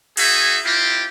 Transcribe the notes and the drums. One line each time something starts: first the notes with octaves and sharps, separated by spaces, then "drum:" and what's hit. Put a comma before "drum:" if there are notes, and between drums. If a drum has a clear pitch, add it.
D#4 F#4 G#4 E5 G#5, drum: cymbal
C4 E4 F4 G4